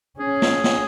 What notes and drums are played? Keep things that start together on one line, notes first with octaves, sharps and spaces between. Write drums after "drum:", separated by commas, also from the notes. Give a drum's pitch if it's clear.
C#4 G#4
drum: snare
drum: snare